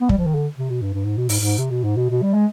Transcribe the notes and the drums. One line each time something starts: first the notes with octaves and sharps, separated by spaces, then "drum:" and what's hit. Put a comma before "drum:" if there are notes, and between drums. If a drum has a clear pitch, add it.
B3
G3, drum: kick
F3
D#3
D3
C3
B2
G2
G2
G#2
B2
G#2, drum: open hi-hat
G#2
C3
B2
G#2
B2
B2
G3
G#3